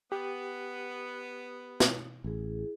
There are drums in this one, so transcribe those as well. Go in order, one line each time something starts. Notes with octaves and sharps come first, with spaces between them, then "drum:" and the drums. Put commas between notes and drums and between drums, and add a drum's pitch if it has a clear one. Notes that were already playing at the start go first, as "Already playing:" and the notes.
B3 G4
drum: snare
A1 E4 G#4